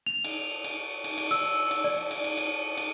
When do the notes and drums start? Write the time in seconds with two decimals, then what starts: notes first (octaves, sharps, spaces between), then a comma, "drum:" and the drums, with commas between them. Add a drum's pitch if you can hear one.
0.06 F7
0.24 drum: cymbal
0.64 drum: cymbal
1.04 drum: cymbal
1.18 drum: cymbal
1.31 E6, drum: cymbal
1.71 drum: cymbal
1.84 D5
2.11 drum: cymbal
2.24 drum: cymbal
2.38 drum: cymbal
2.77 drum: cymbal